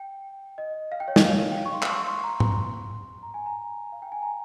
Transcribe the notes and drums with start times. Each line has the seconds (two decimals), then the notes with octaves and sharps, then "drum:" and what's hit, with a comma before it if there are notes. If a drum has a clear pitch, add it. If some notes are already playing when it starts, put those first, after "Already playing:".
Already playing: G5
0.58 D#5
0.92 F5
1.00 G5
1.08 C#5
1.16 D#5, drum: snare
1.25 F5
1.51 G5
1.57 F5
1.66 C#6
1.74 C6
1.82 C#6, drum: clap
1.90 C6
2.02 C#6
2.07 C6
2.23 A#5
2.40 C6, drum: tom G#2
3.23 A#5
3.34 G#5
3.46 A#5
3.92 F5
4.02 G5
4.12 G#5
4.22 A#5